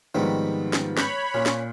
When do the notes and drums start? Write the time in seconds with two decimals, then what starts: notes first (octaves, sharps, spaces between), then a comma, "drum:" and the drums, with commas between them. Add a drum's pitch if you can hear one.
0.15 G#2 D#3 F3 G3 B3 C4
0.73 drum: snare
0.97 C#5 B5 F#6 G6, drum: snare
1.34 A#2 C#4
1.46 drum: snare